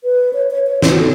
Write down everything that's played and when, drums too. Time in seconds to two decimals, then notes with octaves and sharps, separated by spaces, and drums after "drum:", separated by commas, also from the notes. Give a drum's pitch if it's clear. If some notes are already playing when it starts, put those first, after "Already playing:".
0.04 B4
0.33 C#5
0.51 C#5
0.67 C#5
0.82 E4, drum: snare
0.91 F#4
0.99 A4